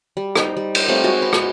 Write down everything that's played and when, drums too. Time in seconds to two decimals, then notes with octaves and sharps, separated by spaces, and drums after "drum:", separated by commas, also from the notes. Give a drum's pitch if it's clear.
0.17 G3
0.36 D#4 C5, drum: rim click
0.57 G3
0.75 drum: cymbal
0.88 G3 A3 C4 F4
1.04 G#3 F#4 G#5
1.22 B4
1.33 drum: rim click